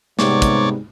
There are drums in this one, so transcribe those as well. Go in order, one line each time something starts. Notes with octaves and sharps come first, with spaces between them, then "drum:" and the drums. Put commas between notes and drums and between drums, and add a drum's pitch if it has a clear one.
G#2 C3 G3 B3 C#5 D5, drum: snare
drum: kick, hi-hat